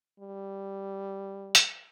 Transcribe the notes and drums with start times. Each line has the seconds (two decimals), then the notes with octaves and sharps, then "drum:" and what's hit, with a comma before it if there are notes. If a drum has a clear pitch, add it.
0.20 G3
1.55 drum: hi-hat